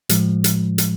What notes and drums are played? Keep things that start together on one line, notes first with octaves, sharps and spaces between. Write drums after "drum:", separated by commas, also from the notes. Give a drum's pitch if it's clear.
A2 F3 G#3, drum: hi-hat
drum: hi-hat
drum: hi-hat